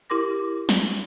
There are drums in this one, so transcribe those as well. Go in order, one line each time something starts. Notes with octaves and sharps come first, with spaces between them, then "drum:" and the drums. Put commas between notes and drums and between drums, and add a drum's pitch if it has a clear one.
E4 G4 A#4 C6 D6 A#6
drum: snare